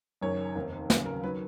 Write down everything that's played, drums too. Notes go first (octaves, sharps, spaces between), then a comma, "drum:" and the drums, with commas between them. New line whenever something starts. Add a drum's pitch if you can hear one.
F#1 F#2 D#3 C#5
F1 D#2 D#3
D#2 C#3 F#3 B4, drum: snare
A#4
D#3 F#3 B4